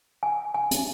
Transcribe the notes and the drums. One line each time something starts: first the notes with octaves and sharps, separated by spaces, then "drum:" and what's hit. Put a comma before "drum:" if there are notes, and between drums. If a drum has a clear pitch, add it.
G#5
G#5
drum: hi-hat